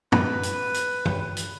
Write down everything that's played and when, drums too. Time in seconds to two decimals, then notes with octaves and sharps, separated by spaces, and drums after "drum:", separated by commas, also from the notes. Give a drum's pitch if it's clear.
0.12 B4, drum: tom
0.43 drum: hi-hat
0.74 drum: hi-hat
1.05 drum: tom
1.37 drum: hi-hat